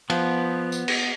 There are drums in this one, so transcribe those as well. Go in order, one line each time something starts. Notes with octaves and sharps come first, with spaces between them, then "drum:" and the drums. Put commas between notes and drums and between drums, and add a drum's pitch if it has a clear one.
F3 B3, drum: cymbal
drum: tambourine
drum: cymbal